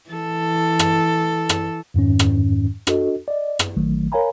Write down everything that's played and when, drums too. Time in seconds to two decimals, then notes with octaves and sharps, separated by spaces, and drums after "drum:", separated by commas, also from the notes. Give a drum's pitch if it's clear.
0.10 E3 A4
0.79 drum: rim click
1.49 drum: rim click
1.94 F2 G#2 D#3 C#4
2.19 drum: rim click
2.87 D4 F#4 A4 D#5, drum: rim click
3.28 D5 D#5
3.59 drum: rim click
3.76 A1 D#3 F#3 A3
4.12 A#4 C#5 F5 G#5 A#5 B5